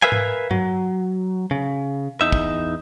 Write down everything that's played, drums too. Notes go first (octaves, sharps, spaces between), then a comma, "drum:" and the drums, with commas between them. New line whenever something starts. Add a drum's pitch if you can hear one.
A#4 B4 E5 F5 G#5
drum: tom G#2
F#3, drum: tom G2
C#3
E2 D#4 E5
drum: kick